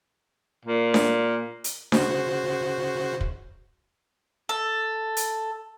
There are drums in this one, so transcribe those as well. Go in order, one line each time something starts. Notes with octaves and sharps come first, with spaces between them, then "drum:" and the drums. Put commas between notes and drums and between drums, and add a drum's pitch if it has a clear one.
A#2
drum: snare D4
drum: hi-hat
C#3 F#4 C5, drum: snare D4
drum: kick
A4
drum: hi-hat